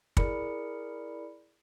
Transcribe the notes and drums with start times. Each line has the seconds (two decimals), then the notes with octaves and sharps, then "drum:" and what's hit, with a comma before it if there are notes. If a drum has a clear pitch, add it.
0.17 E4 G#4 A#4 D5 B5 C#7, drum: kick